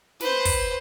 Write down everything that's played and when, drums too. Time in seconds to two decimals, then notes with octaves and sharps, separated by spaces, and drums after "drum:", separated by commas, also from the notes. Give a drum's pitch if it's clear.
0.20 B4 C5, drum: snare
0.45 drum: kick, open hi-hat